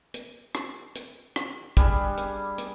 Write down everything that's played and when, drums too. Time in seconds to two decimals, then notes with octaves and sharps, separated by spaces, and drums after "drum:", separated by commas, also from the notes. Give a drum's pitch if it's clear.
0.14 drum: hi-hat
0.55 drum: rim click
0.95 drum: hi-hat
1.36 drum: rim click
1.77 G3 D4 G#4 B5, drum: kick, hi-hat
2.17 drum: hi-hat
2.58 drum: hi-hat